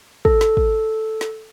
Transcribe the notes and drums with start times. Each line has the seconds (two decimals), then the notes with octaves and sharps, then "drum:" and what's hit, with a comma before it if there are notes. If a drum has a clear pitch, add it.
0.25 A4, drum: kick
0.41 drum: snare
0.57 drum: kick
1.21 drum: snare